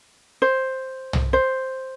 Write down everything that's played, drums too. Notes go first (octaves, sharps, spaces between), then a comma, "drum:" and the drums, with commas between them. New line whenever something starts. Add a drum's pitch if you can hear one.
C5
drum: tom
C5